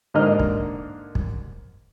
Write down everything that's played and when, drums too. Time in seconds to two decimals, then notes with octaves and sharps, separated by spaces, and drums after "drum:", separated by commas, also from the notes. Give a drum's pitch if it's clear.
0.14 G#2 D3 A#3 A#4 D#5 F6
0.40 drum: kick
1.15 drum: kick